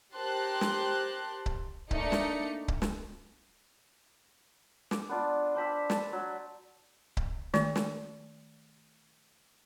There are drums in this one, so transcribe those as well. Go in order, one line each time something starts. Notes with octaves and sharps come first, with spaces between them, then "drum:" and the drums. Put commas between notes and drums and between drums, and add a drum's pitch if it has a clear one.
G4 A#4 C5 A5 C6 F#6
drum: snare
drum: kick C#1
A3 A#3 D4 D#4 D5 C#7, drum: kick C#1
drum: snare
drum: kick C#1
drum: snare
D6, drum: snare
B3 D4 F4
D4 C5 B5 E6
A5, drum: snare
F#3
drum: kick C#1
D#3 A3, drum: snare
drum: snare